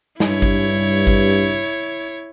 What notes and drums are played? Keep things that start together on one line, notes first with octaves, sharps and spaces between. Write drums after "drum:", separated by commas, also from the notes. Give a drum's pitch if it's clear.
G2 E4 C#5, drum: snare
drum: kick G#1
drum: kick G#1